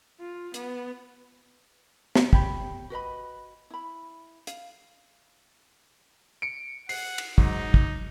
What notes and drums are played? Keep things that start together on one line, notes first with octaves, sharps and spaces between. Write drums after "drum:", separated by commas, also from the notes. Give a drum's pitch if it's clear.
F4
B3, drum: hi-hat
D5, drum: snare
G4 C#5 B5, drum: kick
F#4 B4 D#5 B5
E4 B5
F5, drum: hi-hat
C#7 D7
F#5 C7, drum: open hi-hat
drum: cymbal
G#2 F#3 D#4, drum: kick
drum: kick